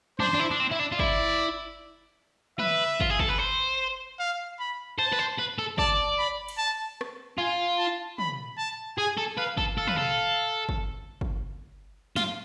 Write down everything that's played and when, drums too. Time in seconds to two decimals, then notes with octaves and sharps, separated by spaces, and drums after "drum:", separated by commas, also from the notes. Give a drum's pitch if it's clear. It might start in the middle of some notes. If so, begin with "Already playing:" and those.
0.19 D4 C5, drum: tom
0.34 D4
0.40 E4
0.51 D4
0.60 C4
0.71 E4
0.79 D4
0.92 F4
0.99 E4 D5, drum: kick
2.59 B4 E5, drum: tom
3.01 F4, drum: kick
3.10 G#4
3.19 A4, drum: kick
3.29 B4
3.39 C5
4.19 F5
4.59 B5
4.99 C5 A5
5.12 B4
5.19 C5
5.38 B4
5.58 A4
5.78 D5 A5, drum: kick
6.18 B5
6.48 drum: cymbal
6.58 A5
7.01 drum: rim click
7.38 F4 G#5
7.78 A5
8.18 B5, drum: tom
8.58 A5
8.98 G#4 G#5
9.17 A4
9.37 B4 F5
9.58 A4, drum: kick
9.77 A4 F5
9.87 B4, drum: tom
9.98 A4
10.69 drum: kick
11.21 drum: kick
12.16 F4, drum: snare